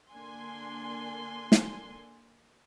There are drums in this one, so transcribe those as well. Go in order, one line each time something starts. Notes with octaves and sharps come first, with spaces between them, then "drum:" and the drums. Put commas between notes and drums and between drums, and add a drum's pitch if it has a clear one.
D3 A#3 D4 G#5 C6
drum: snare